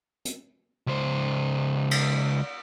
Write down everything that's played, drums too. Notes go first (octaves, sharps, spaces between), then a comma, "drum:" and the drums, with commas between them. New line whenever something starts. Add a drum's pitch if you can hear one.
drum: hi-hat
C#2 C5
drum: cymbal